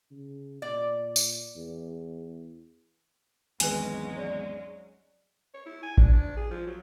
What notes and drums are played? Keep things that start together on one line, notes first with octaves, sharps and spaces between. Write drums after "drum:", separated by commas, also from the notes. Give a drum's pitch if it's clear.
C#3
A#2 D5
drum: tambourine
E2
G#1 E2 F#3 G#3 C#4 B4 G#5 F#6, drum: hi-hat
C#5 D5
C#5
E4
G#5
D4, drum: kick A1
D4
G#4
F3
F#3